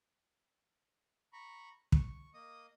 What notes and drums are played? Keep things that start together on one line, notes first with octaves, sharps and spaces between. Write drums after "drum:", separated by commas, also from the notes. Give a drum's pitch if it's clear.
A#5 B5 C#6
C#6, drum: kick
A#3 D#5 D#6